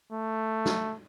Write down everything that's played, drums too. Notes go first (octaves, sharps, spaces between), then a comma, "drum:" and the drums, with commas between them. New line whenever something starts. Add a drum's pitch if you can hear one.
A3
drum: snare